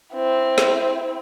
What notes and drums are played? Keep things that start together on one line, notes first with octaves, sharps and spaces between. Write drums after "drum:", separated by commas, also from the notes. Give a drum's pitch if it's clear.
C4 E4
drum: snare